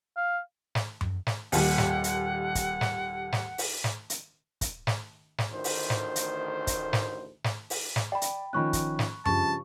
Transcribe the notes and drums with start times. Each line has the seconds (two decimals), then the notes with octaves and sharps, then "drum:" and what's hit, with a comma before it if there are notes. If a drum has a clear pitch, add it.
0.17 F5
0.75 drum: snare
1.01 drum: tom F#2
1.27 drum: snare
1.52 D#1 D#2 F#5, drum: open hi-hat
1.78 drum: snare
2.04 drum: hi-hat
2.55 drum: kick, hi-hat
2.81 drum: snare
3.32 drum: snare
3.58 drum: open hi-hat
3.84 drum: snare
4.10 drum: hi-hat
4.61 drum: kick, hi-hat
4.87 drum: snare
5.38 drum: snare
5.52 A1 D2 D#3 C5
5.64 drum: open hi-hat
5.90 drum: snare
6.16 drum: hi-hat
6.67 drum: kick, hi-hat
6.93 drum: snare
7.44 drum: snare
7.70 drum: open hi-hat
7.96 drum: snare
8.12 D5 G5 B5
8.22 drum: hi-hat
8.53 D#3 F3 C#4 B5 C#6 F#6
8.73 drum: kick, hi-hat
8.99 drum: snare
9.25 G2 C#3 F3 A5 C#6, drum: tom F#2